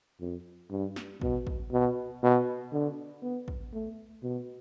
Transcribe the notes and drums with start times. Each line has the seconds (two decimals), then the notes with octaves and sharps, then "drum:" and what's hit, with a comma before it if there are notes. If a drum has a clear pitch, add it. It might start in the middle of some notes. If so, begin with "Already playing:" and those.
0.20 F2
0.71 G2
0.96 drum: snare
1.21 B2, drum: kick
1.47 drum: kick
1.72 B2
2.23 B2
2.73 D3
3.22 B3
3.48 drum: kick
3.73 A3
4.23 B2